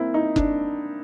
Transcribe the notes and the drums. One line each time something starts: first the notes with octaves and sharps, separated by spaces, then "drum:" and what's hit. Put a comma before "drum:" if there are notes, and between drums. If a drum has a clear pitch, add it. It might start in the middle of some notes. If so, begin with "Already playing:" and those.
Already playing: A#3 C4 E4
D#4
D4, drum: kick F#1